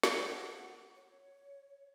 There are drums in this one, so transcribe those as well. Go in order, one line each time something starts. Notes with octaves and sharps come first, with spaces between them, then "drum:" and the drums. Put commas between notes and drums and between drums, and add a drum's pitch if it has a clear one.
drum: snare
F#5
C#5